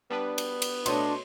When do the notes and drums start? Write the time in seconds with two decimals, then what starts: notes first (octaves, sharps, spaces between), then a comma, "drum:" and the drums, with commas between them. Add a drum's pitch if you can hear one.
0.10 G3 B3 D4 B4
0.38 drum: cymbal
0.62 drum: cymbal
0.86 B2 A3 D4 C#5 D#5 C6, drum: cymbal